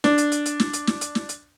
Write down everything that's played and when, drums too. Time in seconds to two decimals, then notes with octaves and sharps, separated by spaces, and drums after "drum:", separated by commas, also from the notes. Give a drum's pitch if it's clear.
0.04 D4, drum: snare
0.18 drum: hi-hat
0.32 drum: hi-hat
0.46 drum: hi-hat
0.60 drum: snare
0.73 drum: hi-hat
0.87 drum: snare
1.01 drum: hi-hat
1.15 drum: snare
1.29 drum: hi-hat